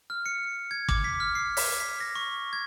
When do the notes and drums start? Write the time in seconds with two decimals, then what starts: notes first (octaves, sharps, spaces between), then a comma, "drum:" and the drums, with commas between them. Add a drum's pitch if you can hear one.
0.10 F6
0.26 C#7
0.71 G#6
0.89 D6, drum: kick
1.04 B6
1.20 F6
1.35 C7
1.57 B6, drum: open hi-hat
1.80 B6
2.00 A#6
2.15 C#6
2.53 G#6